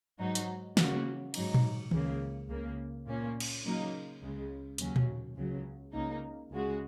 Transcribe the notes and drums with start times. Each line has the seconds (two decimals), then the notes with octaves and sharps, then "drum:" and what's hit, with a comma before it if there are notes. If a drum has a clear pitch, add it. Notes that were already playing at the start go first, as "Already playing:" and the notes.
0.19 G#2 F#3 D#4 F#4
0.35 drum: hi-hat
0.77 C#3 A#3 F#4, drum: snare
1.34 G#2 F#3 D#4, drum: cymbal
1.54 drum: tom A#2
1.91 C#2 C#3 A#3, drum: tom D#3
2.48 C#2 C#3 A#3
3.07 A#2 A#3 C#4
3.40 drum: cymbal
3.63 C#3 F#3 A#3 D#4
4.22 C#2 C#3 G#3
4.78 D#2 C#3 F#3 C#4, drum: hi-hat
4.96 drum: tom A#2
5.36 C#2 C#3 F#3
5.93 C#2 C#3 A#3 D#4
6.51 C#2 C#3 G#3 F#4